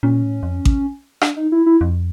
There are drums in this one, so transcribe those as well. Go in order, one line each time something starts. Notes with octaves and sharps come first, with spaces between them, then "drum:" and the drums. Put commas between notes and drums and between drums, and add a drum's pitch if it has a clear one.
A#2 C#4
A2
F2
drum: kick A1
D4, drum: rim click
D#4
E4
E4
F2